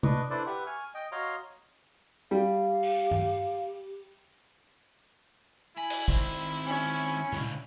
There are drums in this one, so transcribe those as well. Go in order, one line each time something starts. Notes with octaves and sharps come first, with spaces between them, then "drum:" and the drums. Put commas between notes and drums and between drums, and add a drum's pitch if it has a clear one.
D4 B4 D#5 C#6 D6, drum: tom C3
D4 E4 A4 B4 C5 D5
G4 B4 E5 F#5
G#5 C#6 F6
D#5 G5
F#4 C#5 D#5 F5 A#5 C6
G3 G4 F5
drum: open hi-hat
drum: tom G2
E4 G#5 B5
drum: cymbal
D#3 C4 B5, drum: kick
C#4
C#2 D3, drum: tom A#2